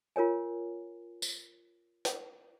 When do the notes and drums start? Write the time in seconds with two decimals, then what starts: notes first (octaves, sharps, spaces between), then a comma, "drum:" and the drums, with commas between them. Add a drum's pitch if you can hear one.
0.16 F4 A#4 C#5 G#5
1.22 drum: tambourine
2.05 drum: hi-hat